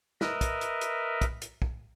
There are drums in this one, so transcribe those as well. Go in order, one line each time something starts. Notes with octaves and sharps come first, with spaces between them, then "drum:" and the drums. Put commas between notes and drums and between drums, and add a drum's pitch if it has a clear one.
A#4 B4 D#5 E5, drum: snare
drum: kick, hi-hat
drum: hi-hat
drum: hi-hat
drum: kick, hi-hat
drum: hi-hat
drum: kick